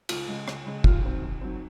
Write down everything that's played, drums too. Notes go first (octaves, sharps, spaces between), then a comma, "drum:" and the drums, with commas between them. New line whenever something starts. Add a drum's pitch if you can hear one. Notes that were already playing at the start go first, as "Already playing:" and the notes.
C#2 F4, drum: cymbal
C#3 G#3
C#2, drum: rim click
C#3 G#3
D#2 F4, drum: kick
D#3 F#3 C4
D#2
D#3 F#3 C4